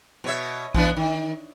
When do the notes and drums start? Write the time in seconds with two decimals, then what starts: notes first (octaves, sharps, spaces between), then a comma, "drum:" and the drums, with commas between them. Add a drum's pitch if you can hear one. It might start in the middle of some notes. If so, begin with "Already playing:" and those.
0.24 B2 C#5 E5
0.75 E3 B3 D4, drum: kick A#1
0.97 D#3